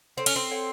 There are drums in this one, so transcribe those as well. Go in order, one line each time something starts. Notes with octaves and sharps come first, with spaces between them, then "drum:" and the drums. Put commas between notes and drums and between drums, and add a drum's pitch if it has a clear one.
C4 A4 C#5 F#5
C#4, drum: cymbal
C4
A4 C#5 F#5